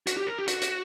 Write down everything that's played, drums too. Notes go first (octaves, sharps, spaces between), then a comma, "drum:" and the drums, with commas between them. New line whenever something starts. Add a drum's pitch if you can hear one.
F#4, drum: hi-hat
G4
A#4
G4
F#4, drum: hi-hat
drum: hi-hat